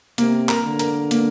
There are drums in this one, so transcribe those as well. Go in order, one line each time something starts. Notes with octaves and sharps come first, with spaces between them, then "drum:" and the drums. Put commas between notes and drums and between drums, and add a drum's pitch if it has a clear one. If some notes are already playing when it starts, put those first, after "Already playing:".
C3 A#3, drum: hi-hat
A#4, drum: clap
D3
A#4, drum: hi-hat
A#3, drum: hi-hat